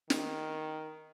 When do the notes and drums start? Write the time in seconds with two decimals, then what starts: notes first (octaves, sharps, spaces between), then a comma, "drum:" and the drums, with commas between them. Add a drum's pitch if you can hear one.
0.10 D#3, drum: snare